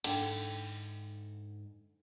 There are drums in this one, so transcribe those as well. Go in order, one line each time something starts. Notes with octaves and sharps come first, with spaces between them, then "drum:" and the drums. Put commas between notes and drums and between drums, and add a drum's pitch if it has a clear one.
G#2 D3 E4 A4 F#5 G5 A5, drum: cymbal